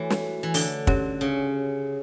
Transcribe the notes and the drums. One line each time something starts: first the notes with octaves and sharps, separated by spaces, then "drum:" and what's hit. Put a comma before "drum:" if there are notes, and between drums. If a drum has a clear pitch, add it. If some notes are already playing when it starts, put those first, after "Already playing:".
Already playing: E3 A3 F#4 A4 C#5
drum: snare
E3
D3, drum: open hi-hat
C#4 G4 C#5, drum: kick
C#3